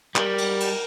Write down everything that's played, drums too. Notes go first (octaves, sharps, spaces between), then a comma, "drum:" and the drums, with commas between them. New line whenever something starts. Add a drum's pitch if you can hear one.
G3 A#4, drum: clap
drum: cymbal
drum: cymbal